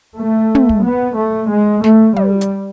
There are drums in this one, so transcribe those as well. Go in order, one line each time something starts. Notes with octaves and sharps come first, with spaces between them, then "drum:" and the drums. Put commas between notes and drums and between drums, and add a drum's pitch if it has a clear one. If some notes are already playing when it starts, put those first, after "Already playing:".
A3
drum: tom
drum: kick
B3
A3
G#3
A3, drum: snare
G3, drum: tom
drum: hi-hat